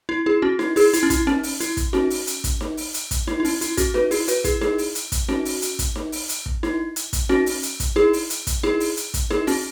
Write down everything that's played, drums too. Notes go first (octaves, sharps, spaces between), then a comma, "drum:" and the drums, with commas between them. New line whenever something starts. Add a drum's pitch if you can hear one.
E4
E4 G#4
C#4 F#4
E4, drum: snare D#4
E4 G#4, drum: open hi-hat
E4, drum: hi-hat
C#4
E4, drum: kick, hi-hat
C#4, drum: snare D#4
drum: open hi-hat
E4, drum: hi-hat
drum: kick, hi-hat
C#4 F#4, drum: snare D#4
drum: open hi-hat
drum: hi-hat
drum: kick, hi-hat
drum: snare D#4
drum: open hi-hat
drum: hi-hat
drum: kick, hi-hat
E4, drum: snare D#4
E4
C#4, drum: open hi-hat
E4, drum: hi-hat
C#4 F#4, drum: kick, hi-hat
F#4 B4, drum: snare D#4
E4 G#4, drum: open hi-hat
F#4 B4, drum: hi-hat
E4 G#4, drum: kick, hi-hat
E4 G#4, drum: snare D#4
drum: open hi-hat
drum: hi-hat
drum: kick, hi-hat
C#4 F#4, drum: snare D#4
drum: open hi-hat
drum: hi-hat
drum: kick, hi-hat
drum: snare D#4
drum: open hi-hat
drum: hi-hat
drum: kick
E4, drum: snare D#4
drum: hi-hat
drum: kick, hi-hat
C#4 F#4, drum: snare D#4
drum: open hi-hat
drum: hi-hat
drum: kick, hi-hat
E4 G#4, drum: snare D#4
drum: open hi-hat
drum: hi-hat
drum: kick, hi-hat
E4 G#4, drum: snare D#4
drum: open hi-hat
drum: hi-hat
drum: kick, hi-hat
E4 G#4, drum: snare D#4
C#4 F#4, drum: open hi-hat